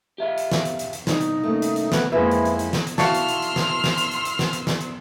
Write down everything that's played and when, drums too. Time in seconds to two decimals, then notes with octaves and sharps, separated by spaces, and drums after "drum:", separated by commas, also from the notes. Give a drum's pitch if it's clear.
0.18 G4 E5 F5
0.38 drum: hi-hat
0.52 drum: snare
0.65 drum: hi-hat
0.79 drum: hi-hat
0.93 drum: hi-hat
1.07 C2 D#4, drum: snare
1.21 drum: hi-hat
1.43 A3 A#3 C#4
1.62 drum: hi-hat
1.76 drum: hi-hat
1.92 B3, drum: snare
2.12 F2 G#3 A#3 E4 B4 E5
2.32 drum: hi-hat
2.45 drum: hi-hat
2.59 drum: hi-hat
2.73 drum: snare
2.87 drum: hi-hat
2.98 E4 F#4 F5 A5 C6 C#6 E6 F6, drum: snare
3.15 drum: hi-hat
3.28 drum: hi-hat
3.42 drum: hi-hat
3.56 drum: snare
3.84 drum: snare
3.98 drum: hi-hat
4.11 drum: hi-hat
4.25 drum: hi-hat
4.39 drum: snare
4.53 drum: hi-hat
4.67 drum: snare
4.81 drum: hi-hat